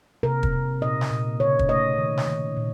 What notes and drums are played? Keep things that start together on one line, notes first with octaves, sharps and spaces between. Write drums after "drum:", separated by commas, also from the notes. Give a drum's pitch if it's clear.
C3 A#4
drum: kick
C3
A#2 D#5
drum: snare
A#2
C#3 C#5
drum: kick
A3 D#5
D#3
drum: snare
D#3
A#2